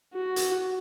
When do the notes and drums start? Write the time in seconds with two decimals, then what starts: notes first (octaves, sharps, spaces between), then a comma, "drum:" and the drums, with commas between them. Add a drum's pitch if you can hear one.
0.14 F#4
0.36 drum: hi-hat